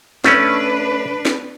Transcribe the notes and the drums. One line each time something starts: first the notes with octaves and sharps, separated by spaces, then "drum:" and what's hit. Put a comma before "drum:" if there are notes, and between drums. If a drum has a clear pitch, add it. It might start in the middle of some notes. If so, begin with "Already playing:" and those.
A3 C#4 D4 B4, drum: snare
drum: snare